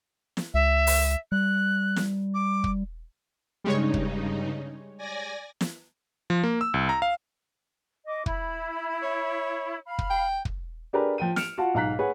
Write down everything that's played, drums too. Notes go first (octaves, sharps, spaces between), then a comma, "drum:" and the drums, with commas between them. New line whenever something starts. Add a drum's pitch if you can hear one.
drum: snare
C#2 E5
drum: open hi-hat
G3 F#6
drum: snare
D6
drum: kick
G2 C#3 G3 G#3 D#4 C#5
drum: kick
D5 G#5 A#6
drum: snare
F3
A#3
E6
C2
A#5
F5
D#5 D6
E4 B5, drum: kick
C#5
F5 B5
drum: kick
G5
drum: kick
D4 G4 G#4 A#4 B4 D5
F3 G5 D#7
F6 C#7 D7 E7 F7, drum: snare
F4 F#4 F#5 A5
B1 G#2 F5 A#5 F#6 B6
G#4 B4 C#5 F#5